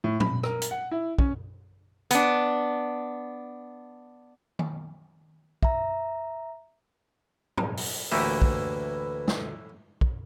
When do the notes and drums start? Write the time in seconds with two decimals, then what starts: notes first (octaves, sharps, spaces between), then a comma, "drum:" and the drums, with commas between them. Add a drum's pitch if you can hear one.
0.04 A2
0.20 B5, drum: tom
0.43 A#4, drum: rim click
0.62 drum: hi-hat
0.71 F#5
0.91 E4
1.19 C#4, drum: kick
2.11 B3 D4, drum: hi-hat
4.59 drum: tom D#3
5.63 E5 A#5, drum: kick
7.57 drum: tom
7.77 drum: open hi-hat
8.11 D2 A2 E3 A#3 G4 B4 E5
8.42 drum: kick
9.28 drum: snare
10.01 drum: kick